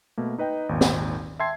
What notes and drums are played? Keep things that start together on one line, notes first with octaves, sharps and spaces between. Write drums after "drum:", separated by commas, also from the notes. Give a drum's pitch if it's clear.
B2 A3 A#3
D#4 B4 D#5 G5
G#1 D#2 A#2
drum: snare
E5 G5 A5 C6 G#6 C7